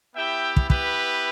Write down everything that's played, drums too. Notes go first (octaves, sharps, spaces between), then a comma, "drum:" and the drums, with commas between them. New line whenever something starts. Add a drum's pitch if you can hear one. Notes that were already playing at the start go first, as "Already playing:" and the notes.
B3 E4 G4 E5 G5
drum: kick
G4 B4, drum: kick